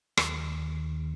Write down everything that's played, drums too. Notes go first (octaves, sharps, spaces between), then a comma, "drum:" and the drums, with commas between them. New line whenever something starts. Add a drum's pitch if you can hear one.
D#2, drum: rim click